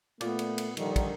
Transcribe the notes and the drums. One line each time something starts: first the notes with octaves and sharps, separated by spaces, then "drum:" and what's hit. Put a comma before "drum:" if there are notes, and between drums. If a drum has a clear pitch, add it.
A#2 A3 B3 D5, drum: cymbal
drum: cymbal
drum: cymbal
D3 D#3 F3 G3, drum: cymbal
drum: kick, cymbal